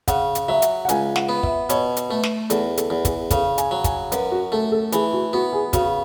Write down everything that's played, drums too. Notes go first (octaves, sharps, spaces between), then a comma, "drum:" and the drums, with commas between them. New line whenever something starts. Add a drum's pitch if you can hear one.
C#3 F#5, drum: kick, hi-hat
drum: hi-hat
F#3 E5
drum: hi-hat
F#5
C#2 G#5, drum: hi-hat
F#5, drum: snare
B3
E5, drum: kick
B2 C#5, drum: hi-hat
drum: hi-hat
A3 B4
drum: snare
E2 A4, drum: hi-hat
A4, drum: hi-hat
E2
G#4, drum: kick, hi-hat
C#3 A4, drum: kick, hi-hat
G#5, drum: hi-hat
F#3
G#5, drum: kick, hi-hat
F#2 B4, drum: hi-hat
F#4
A3 A4
A4
E3 G#4, drum: hi-hat
F#4
B3 F#4
G#4
C#3 F#4, drum: kick, hi-hat